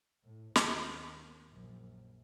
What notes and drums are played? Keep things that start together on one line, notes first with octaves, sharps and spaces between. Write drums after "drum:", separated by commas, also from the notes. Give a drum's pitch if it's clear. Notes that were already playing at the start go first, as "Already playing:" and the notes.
A2
D#2, drum: snare
A#1 F#2